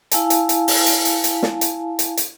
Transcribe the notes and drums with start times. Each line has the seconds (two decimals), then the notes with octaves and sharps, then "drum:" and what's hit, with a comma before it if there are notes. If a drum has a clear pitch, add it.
0.11 E4 F5 G#5 A5, drum: hi-hat
0.30 drum: hi-hat
0.49 drum: hi-hat
0.68 drum: open hi-hat
0.86 drum: hi-hat
1.05 drum: hi-hat
1.24 drum: hi-hat
1.43 drum: snare
1.61 drum: hi-hat
1.99 drum: hi-hat
2.17 drum: hi-hat